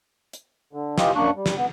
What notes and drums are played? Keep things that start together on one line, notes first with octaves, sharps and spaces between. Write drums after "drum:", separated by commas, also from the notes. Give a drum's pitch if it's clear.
drum: hi-hat
D3
E3 D#4 F4 G4, drum: snare
F#2 A#3 D4 C#6 F#6
G3
drum: snare
B3